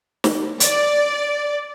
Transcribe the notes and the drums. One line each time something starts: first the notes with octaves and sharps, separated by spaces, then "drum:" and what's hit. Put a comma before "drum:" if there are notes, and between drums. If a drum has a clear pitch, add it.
drum: snare
D5, drum: hi-hat